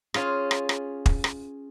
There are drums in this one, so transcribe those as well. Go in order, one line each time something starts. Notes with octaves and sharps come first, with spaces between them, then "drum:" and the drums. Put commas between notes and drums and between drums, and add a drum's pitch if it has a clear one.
C#4 F4 G#4, drum: rim click
drum: rim click
drum: rim click
drum: kick
drum: rim click